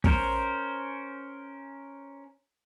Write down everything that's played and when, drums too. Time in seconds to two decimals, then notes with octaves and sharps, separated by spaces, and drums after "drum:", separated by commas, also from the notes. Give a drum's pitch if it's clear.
0.04 C#4 A#4 C5, drum: kick